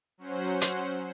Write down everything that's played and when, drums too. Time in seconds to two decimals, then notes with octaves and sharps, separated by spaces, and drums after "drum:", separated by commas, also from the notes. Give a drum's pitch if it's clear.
0.18 F#3 C#4 C5 F#5
0.62 drum: hi-hat